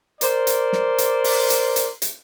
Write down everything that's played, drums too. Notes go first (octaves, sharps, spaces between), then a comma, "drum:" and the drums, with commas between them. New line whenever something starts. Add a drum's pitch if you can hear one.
A#4 C5 D5, drum: hi-hat
drum: hi-hat
drum: snare
drum: hi-hat
drum: open hi-hat
drum: hi-hat
drum: hi-hat
drum: hi-hat